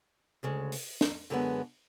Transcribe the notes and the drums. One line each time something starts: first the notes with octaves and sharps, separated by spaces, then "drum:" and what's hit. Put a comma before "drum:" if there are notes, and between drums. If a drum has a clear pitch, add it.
D2 C#3 G#3
drum: open hi-hat
drum: snare
F#2 D3 G#3 B3